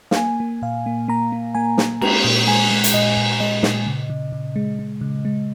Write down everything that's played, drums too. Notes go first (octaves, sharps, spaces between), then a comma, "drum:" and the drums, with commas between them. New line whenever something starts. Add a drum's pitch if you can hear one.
F5, drum: snare
A#3 G#5
A#3
A#2 F5
A#3
A#3 A#5
A#3
A#3 G#5
A#3, drum: snare
G#3 A#5, drum: cymbal
A#2
G#3 G#5
G#3
drum: hi-hat
A#2 D#5
A#2
G#3 D#5
A#2, drum: snare
C#3
C#3
C#3
G#3
G#3
C#3
G#3